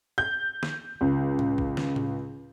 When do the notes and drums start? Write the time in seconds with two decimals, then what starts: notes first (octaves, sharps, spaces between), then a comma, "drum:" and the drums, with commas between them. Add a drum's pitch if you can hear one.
0.18 G6
0.63 drum: snare
1.01 C#2
1.39 drum: tom A2
1.58 drum: kick A#1
1.77 drum: snare
1.96 drum: tom A2